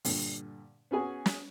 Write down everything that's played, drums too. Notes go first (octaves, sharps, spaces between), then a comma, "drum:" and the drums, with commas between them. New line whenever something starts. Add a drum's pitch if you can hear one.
G2 A#2 D3, drum: open hi-hat
B3 C#4 F#4 G#4 G#5
drum: snare